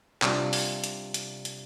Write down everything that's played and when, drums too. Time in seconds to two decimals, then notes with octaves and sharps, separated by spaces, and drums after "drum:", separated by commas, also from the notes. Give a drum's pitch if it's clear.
0.22 C3 G3 D4 F4, drum: clap
0.53 drum: open hi-hat
0.84 drum: hi-hat
1.14 drum: hi-hat
1.45 drum: hi-hat